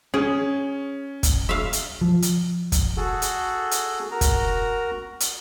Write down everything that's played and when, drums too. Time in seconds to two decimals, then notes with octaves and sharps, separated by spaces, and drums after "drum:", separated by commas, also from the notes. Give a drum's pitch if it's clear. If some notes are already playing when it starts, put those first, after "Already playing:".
0.14 C#4 G#4
1.23 drum: kick, hi-hat
1.49 E5 F5
1.73 drum: hi-hat
2.01 F3
2.22 drum: hi-hat
2.72 drum: kick, hi-hat
2.97 F#4 G#4 A4
3.22 drum: hi-hat
3.71 drum: hi-hat
4.11 F#4 A#4 A#5
4.21 drum: kick, hi-hat
5.20 drum: hi-hat